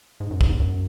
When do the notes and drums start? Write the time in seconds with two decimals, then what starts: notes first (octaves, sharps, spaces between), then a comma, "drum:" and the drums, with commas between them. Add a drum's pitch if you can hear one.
0.20 G#2
0.31 F#2
0.41 G#2, drum: kick
0.49 E2
0.60 F#2